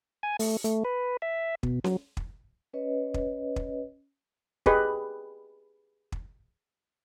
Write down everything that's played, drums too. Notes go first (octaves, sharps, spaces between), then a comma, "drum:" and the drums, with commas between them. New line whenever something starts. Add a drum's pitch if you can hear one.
G#5
A3, drum: open hi-hat
A3, drum: hi-hat
B4
E5
B2, drum: kick
F#3, drum: snare C#4
drum: kick
C#4 B4 C#5 D#5
drum: kick
drum: kick
G4 G#4 B4 D#5, drum: kick
drum: kick